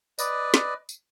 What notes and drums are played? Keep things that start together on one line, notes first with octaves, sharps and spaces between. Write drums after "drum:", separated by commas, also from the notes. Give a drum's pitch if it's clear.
B4 D5 D#5, drum: tambourine
drum: snare
drum: tambourine